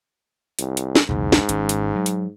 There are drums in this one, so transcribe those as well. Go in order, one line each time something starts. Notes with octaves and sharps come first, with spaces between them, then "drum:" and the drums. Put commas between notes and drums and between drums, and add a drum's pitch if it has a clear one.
C2, drum: hi-hat
drum: hi-hat
drum: snare
B1 E2 G#2 C#3
drum: snare
G#1 C#4, drum: hi-hat
drum: hi-hat
F#3
drum: hi-hat